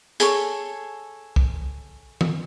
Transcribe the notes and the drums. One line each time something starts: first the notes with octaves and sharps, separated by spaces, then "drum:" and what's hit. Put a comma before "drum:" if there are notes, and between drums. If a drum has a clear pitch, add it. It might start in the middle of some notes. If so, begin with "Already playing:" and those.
G#4 A4 C#5, drum: hi-hat
drum: kick
drum: tom E3